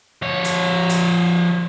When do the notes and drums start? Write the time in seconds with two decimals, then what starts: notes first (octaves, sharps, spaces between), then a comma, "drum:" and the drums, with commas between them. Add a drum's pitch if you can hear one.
0.22 F3 C#5
0.44 drum: hi-hat
0.89 drum: hi-hat